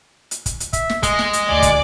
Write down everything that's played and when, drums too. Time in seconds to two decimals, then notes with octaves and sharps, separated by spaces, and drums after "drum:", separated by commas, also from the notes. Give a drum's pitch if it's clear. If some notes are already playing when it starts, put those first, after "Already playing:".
0.31 drum: hi-hat
0.46 drum: kick, hi-hat
0.60 drum: hi-hat
0.73 E5, drum: kick, hi-hat
0.90 drum: snare
1.03 G#3 D#5, drum: kick, hi-hat
1.19 drum: snare
1.33 drum: hi-hat
1.48 D2 D5 G#5 D6
1.62 drum: kick, hi-hat